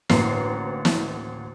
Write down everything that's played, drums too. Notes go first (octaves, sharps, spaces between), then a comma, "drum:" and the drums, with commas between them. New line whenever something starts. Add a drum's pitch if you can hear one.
A1 D2 A#3 C7, drum: snare
drum: snare